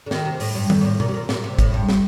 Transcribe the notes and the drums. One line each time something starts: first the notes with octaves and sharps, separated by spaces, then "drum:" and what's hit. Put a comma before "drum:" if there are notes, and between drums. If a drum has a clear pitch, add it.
D3
D#3, drum: snare
C3
A2, drum: open hi-hat
G2
F2, drum: tom D#3
A#2
A2
A#2, drum: tom B2
C3
A#2
A#2, drum: snare
C3
A2, drum: kick, hi-hat
G2
drum: snare